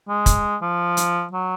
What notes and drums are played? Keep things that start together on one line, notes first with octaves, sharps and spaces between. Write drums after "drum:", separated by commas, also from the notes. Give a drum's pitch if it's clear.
G#3
drum: kick, hi-hat
F3
drum: hi-hat
F#3